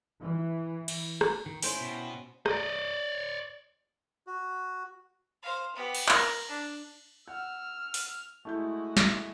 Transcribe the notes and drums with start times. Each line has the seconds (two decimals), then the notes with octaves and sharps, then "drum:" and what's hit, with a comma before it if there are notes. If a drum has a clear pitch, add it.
0.20 E3
0.88 drum: cymbal
1.21 drum: rim click
1.46 D#3
1.62 C#4 E4 C5 G5, drum: open hi-hat
1.81 B2
2.46 D5 D#5, drum: rim click
4.27 F#4
5.42 C5 F5
5.75 B3 G4
5.95 drum: cymbal
6.09 A#4, drum: clap
6.48 D4
7.28 F#5 E6 F6
7.94 drum: open hi-hat
8.45 G#3 A3 E4 F#4 G6
8.97 drum: snare